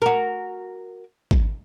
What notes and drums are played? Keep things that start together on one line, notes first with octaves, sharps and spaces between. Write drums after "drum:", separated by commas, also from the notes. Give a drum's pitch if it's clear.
F#4 A#4
drum: kick G#1